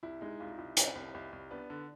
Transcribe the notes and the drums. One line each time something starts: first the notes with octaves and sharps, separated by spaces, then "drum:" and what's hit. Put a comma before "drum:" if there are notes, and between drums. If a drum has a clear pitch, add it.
C2 E4
G#3 D#4
C2 F4
C2 E4
C2 E4, drum: hi-hat
C2
C2
C2
B3 D4
D3